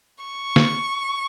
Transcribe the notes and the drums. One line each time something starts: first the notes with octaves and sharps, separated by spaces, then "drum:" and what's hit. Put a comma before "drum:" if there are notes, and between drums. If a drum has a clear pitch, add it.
C#6
drum: snare